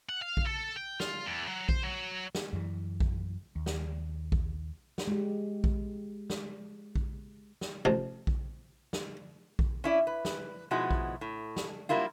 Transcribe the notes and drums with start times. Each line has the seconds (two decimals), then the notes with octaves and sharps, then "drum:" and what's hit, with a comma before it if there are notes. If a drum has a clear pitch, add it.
0.09 F#5
0.22 F5
0.37 drum: kick A#1
0.47 A4
0.77 G5
1.00 F4, drum: snare
1.26 E2
1.48 F#3
1.69 C5, drum: kick A#1
1.83 F#3
2.35 drum: snare
2.53 F#2 E3
3.00 drum: kick A#1
3.56 D#2
3.66 drum: snare
4.32 drum: kick A#1
4.98 drum: snare
5.07 G#3 G4
5.64 drum: kick A#1
6.30 drum: snare
6.96 drum: kick A#1
7.61 drum: snare
7.85 A1 C3 F3
8.27 drum: kick A#1
8.93 drum: snare
9.59 drum: kick A#1
9.84 C#4 E4 D5
10.07 B4
10.25 drum: snare
10.71 B2 F3 G#3 D#4 E4 F#4
10.91 drum: kick A#1
11.21 A2
11.56 drum: snare
11.89 F#3 G3 A#3 E4 F4